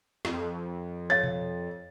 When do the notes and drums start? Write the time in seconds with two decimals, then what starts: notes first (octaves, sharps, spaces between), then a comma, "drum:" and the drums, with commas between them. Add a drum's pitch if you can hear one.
0.25 F2, drum: snare
1.10 C#5 F5 A6
1.24 drum: tom B2